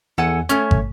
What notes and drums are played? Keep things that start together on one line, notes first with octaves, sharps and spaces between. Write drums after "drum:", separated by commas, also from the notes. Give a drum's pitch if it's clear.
E2 A4 F#5 G#5
A3 C#4 C#5, drum: hi-hat
drum: kick